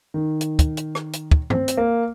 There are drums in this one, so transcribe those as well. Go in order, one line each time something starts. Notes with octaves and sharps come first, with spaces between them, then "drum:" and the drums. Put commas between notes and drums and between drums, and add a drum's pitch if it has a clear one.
D#3
drum: hi-hat
drum: kick, hi-hat
drum: hi-hat
drum: rim click
drum: hi-hat
drum: kick
C4, drum: tom G2
drum: hi-hat
A#3